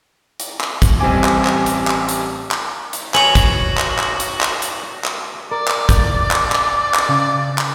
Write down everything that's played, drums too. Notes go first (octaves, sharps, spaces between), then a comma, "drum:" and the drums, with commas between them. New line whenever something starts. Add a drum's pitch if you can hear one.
drum: hi-hat
drum: clap
drum: kick, hi-hat
A1 G3 C4 G#5 D6
drum: clap
drum: clap
drum: hi-hat
drum: clap
drum: hi-hat
drum: clap
drum: hi-hat
F#4 B4 C#5 G#5 A#5, drum: clap
drum: kick, hi-hat
drum: clap
drum: clap
drum: hi-hat
drum: clap
drum: hi-hat
drum: clap
A#4 D5
drum: clap
drum: kick, hi-hat
drum: clap
drum: clap
drum: clap
C#3
drum: clap